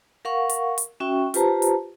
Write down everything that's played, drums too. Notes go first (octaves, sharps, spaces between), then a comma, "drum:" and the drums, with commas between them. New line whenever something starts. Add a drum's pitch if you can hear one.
A#4 F5 F#5 C#6
drum: hi-hat
drum: hi-hat
C#4 F#4 E5 G5 C#6
F4 G4 B4 C5 A5 A#5, drum: hi-hat
drum: hi-hat